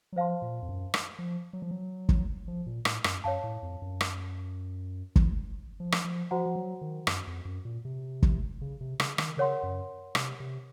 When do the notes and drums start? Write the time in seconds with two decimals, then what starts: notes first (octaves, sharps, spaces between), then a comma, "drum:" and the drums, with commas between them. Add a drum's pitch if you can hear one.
0.12 F#3
0.16 F3 C5 F5 A5 C6
0.42 A#2
0.62 F2
0.69 F#2
0.94 drum: rim click
1.19 F3
1.53 F#3
1.62 F3
1.71 F#3
2.09 drum: kick
2.48 F3
2.67 A#2
2.85 A2, drum: rim click
3.04 F#2, drum: rim click
3.24 F#2 C#5 F5 A5
3.44 A2
3.63 F2
3.82 F#2
4.01 drum: rim click
5.16 drum: kick
5.80 F3
5.92 drum: rim click
6.05 F3
6.31 F3 F#4 C5 F#5 A#5
6.46 F3
6.56 F#3
6.81 D#3
7.07 F#2, drum: rim click
7.27 F2
7.45 F#2
7.65 A#2
7.85 C3
8.23 drum: kick
8.61 C#3
8.81 C3
9.00 C#3, drum: rim click
9.18 D#3, drum: rim click
9.37 C#3 A#4 C#5 F#5 C6
9.63 F#2
10.15 C3, drum: rim click
10.40 C3